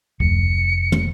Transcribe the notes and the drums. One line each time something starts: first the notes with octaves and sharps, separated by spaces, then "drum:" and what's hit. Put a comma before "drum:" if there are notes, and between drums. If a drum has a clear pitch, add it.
F1 C#7, drum: kick C#2
drum: tom